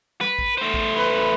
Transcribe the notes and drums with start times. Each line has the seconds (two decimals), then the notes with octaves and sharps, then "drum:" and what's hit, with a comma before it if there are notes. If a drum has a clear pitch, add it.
0.21 B4, drum: snare
0.39 drum: kick
0.57 A3 C5
0.74 drum: kick
0.96 B4